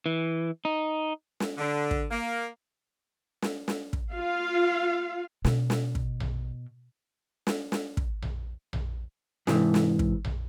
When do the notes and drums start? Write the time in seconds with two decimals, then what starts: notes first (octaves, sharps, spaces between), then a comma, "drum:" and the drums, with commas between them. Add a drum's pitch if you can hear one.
0.06 E3
0.65 D#4
1.40 drum: snare
1.58 D3
1.91 drum: kick
2.11 A#3
3.42 drum: snare
3.68 drum: snare
3.93 drum: kick
4.14 F4 F5
5.45 B2, drum: snare
5.70 drum: snare
5.95 drum: kick
6.20 drum: tom A#1
7.47 drum: snare
7.72 drum: snare
7.97 drum: kick
8.22 drum: tom A#1
8.73 drum: tom A#1
9.47 G#2 C3 E3, drum: snare
9.74 drum: snare
9.99 drum: kick
10.25 drum: tom A#1